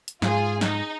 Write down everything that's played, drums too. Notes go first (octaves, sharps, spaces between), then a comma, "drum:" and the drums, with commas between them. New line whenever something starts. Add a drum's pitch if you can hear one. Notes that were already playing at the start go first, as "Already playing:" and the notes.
drum: hi-hat
G#2 F4 G#4, drum: snare
D#4, drum: snare